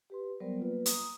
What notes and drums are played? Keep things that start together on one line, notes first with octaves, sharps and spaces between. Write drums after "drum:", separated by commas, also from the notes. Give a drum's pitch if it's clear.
G4 B4 C6
F#3 G3 B3 A#4 C5 D5
A#3 F4 B4
A#5 D#6, drum: hi-hat